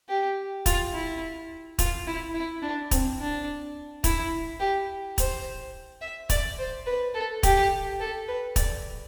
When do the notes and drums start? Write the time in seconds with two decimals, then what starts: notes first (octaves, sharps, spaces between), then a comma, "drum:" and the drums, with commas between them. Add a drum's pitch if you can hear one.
0.09 G4
0.66 F4, drum: kick, hi-hat
0.93 E4
1.79 F4, drum: kick, hi-hat
2.07 E4
2.34 E4
2.62 D4
2.91 C4, drum: kick, hi-hat
3.20 D4
4.04 E4, drum: kick, hi-hat
4.60 G4
5.18 C5, drum: kick, hi-hat
6.01 E5
6.29 D5, drum: kick, hi-hat
6.58 C5
6.86 B4
7.14 A4
7.43 G4, drum: kick, hi-hat
8.00 A4
8.28 B4
8.56 D5, drum: kick, hi-hat